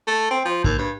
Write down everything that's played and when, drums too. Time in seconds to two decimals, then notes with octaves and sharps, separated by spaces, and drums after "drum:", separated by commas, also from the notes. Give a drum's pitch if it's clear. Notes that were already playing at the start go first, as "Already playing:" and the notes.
0.07 A3
0.31 C4
0.45 F3
0.64 D#2, drum: kick
0.78 G2